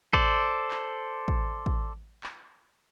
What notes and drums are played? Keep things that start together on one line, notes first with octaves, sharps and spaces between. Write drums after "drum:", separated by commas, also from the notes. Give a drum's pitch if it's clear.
A4 C5 D5, drum: kick A1
drum: clap
drum: kick A1
drum: kick A1
drum: clap